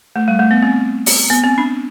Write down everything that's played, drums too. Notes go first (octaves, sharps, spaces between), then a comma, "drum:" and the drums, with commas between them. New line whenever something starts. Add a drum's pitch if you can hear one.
A3
G3
A3
B3
C4
drum: open hi-hat
B3
C4
D4